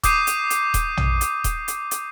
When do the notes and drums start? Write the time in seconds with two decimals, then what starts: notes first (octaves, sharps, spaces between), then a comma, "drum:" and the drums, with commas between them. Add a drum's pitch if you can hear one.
0.03 D6 D#6 G6 C7 D#7, drum: kick D#1, hi-hat
0.27 drum: hi-hat
0.50 drum: hi-hat
0.74 drum: kick D#1, hi-hat
0.97 drum: tom
1.21 drum: hi-hat
1.44 drum: kick D#1, hi-hat
1.68 drum: hi-hat
1.91 drum: hi-hat